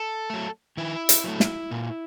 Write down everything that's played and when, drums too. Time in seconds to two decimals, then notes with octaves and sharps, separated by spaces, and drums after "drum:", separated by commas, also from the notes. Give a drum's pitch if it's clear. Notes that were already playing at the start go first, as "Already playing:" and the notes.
Already playing: A4
0.30 F#3 A3
0.77 D#3 E4
1.09 drum: hi-hat
1.24 F#3 A3
1.40 drum: snare
1.71 A#2